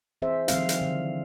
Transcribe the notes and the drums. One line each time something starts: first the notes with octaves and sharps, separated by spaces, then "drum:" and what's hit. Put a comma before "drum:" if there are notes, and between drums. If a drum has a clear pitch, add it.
E3 C4 G#4 C5 E5
D#3 F3 G3 C4 D#4 F5, drum: hi-hat
drum: hi-hat
D3 E3